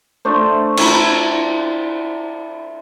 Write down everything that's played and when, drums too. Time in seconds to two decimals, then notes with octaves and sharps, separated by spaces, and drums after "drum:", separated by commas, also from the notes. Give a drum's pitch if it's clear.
0.25 A3 D4 C5
0.77 E4 E5 A#5 B5, drum: cymbal